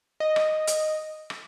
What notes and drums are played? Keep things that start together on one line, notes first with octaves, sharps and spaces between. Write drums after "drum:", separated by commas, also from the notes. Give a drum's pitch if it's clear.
D#5
drum: rim click
drum: hi-hat
drum: rim click